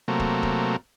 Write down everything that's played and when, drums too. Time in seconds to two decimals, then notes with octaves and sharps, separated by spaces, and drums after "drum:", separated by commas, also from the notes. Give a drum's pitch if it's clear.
0.08 C3 F#3 A3 A#3
0.20 drum: kick
0.43 drum: kick